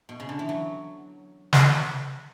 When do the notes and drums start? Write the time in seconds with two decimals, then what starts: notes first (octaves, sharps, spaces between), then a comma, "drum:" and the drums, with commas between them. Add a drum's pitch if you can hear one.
0.09 B2
0.20 C#3
0.29 D3
0.39 E3
0.49 F#3
1.53 drum: snare